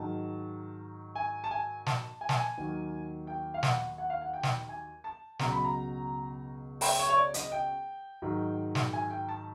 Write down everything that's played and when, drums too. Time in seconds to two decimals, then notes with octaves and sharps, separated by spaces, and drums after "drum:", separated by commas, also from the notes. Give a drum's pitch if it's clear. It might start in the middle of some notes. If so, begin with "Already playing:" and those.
Already playing: G#2 D#3 F#3 A5
1.15 G#5
1.44 A5
1.51 G#5
1.86 A5, drum: snare
2.21 G#5
2.29 A5, drum: snare
2.36 G#5
2.58 D#2 D#3 F#3
3.27 G5
3.54 F5
3.63 F#5, drum: snare
3.98 F#5
4.10 F5
4.22 F#5
4.33 G5
4.43 drum: snare
4.69 G#5
5.04 A5
5.39 C#2 B2 F#3 A#5, drum: snare
5.52 B5
5.65 A#5
6.81 G5, drum: open hi-hat
6.98 C#5
7.09 C#5
7.16 D5
7.34 D#5, drum: hi-hat
7.52 G5
8.22 G#2 D#3 F#3
8.75 drum: snare
8.93 G#5
9.10 G5
9.28 A5